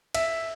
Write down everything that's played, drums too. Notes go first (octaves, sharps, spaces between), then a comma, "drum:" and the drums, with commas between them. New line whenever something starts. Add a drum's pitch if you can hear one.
E5, drum: cymbal